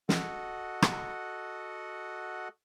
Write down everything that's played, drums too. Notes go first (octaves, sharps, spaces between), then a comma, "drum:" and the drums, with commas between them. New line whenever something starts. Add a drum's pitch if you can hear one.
F#4 A4 D#5 F#5, drum: snare
drum: rim click